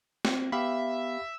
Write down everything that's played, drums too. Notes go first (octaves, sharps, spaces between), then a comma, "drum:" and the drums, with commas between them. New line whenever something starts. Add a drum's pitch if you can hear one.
C4, drum: snare
B3 G4 E5 F5 B5